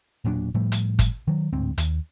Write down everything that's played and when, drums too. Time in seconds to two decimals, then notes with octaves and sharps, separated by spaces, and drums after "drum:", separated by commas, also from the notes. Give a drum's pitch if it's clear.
0.25 E1 A#2 F#3 D4
0.54 A2 F3 G3 A3
0.72 drum: hi-hat
0.99 drum: kick G1, hi-hat
1.28 D#3 F#3
1.53 D1 D2 G#2 C4
1.78 D#2, drum: hi-hat